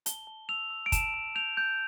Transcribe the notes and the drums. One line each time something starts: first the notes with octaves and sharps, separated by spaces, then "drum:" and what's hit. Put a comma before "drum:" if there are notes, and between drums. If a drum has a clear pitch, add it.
A5 G7, drum: hi-hat
A5
E6 F7
E6
D7
A5 E7, drum: kick, hi-hat
A5
G6 F7
G6